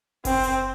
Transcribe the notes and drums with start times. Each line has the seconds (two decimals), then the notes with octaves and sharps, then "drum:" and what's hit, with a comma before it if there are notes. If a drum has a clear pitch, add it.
0.25 C4, drum: kick F#1, open hi-hat
0.43 drum: hi-hat